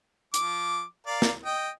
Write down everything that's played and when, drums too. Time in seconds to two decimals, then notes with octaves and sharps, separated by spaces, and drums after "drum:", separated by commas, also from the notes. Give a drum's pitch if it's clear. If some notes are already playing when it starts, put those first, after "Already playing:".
0.34 F3 D6, drum: hi-hat
1.07 A#4 D5 F5
1.22 drum: snare
1.45 D#5 G5